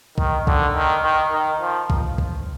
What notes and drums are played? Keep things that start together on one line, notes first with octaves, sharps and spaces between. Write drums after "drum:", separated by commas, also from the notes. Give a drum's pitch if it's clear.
D#3, drum: kick B1
D3, drum: kick B1
D#3
D#3
D#3
F3
drum: kick B1
drum: kick B1